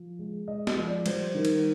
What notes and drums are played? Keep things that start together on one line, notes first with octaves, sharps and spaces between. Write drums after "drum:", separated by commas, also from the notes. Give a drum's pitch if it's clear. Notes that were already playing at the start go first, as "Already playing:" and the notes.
Already playing: F3
G#3
G#3 D#5
D#5, drum: snare
F3
D5
G3 C5, drum: cymbal
D#3
drum: cymbal